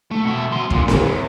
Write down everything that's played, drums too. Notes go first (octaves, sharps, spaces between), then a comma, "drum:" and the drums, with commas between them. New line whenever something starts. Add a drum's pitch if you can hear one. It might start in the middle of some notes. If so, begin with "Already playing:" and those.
A3
B2 E5
F#3 C6
A#2 D3, drum: kick
A#2 D#3, drum: snare C4
E2